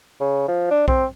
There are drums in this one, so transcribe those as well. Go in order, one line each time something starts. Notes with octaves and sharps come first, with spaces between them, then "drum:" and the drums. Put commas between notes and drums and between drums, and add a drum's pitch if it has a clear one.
C#3
F3
D4
C4, drum: kick B1